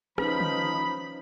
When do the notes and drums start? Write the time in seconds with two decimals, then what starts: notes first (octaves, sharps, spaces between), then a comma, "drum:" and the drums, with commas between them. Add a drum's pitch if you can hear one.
0.18 F3 C#4 D#4 B4 B5, drum: rim click
0.40 drum: tom D3